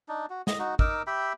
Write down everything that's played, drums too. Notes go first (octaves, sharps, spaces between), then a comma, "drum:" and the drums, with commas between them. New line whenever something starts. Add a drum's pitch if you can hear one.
D4 D#4
F#4
D#5, drum: snare
D#4 F#4
D#4 A#4 D6 E6, drum: kick
G4 E5 G5 B5